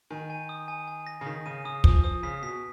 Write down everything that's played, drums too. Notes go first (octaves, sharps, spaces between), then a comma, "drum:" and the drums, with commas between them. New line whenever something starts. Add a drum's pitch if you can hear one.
D#3 G#5
G#5
D#6
G#5
G#5
A#6
C#3
D#3 B6
C#3 D#7
C#3 D#6
F3 D#6, drum: kick
F3 D#6
C#3 B6
B2 B6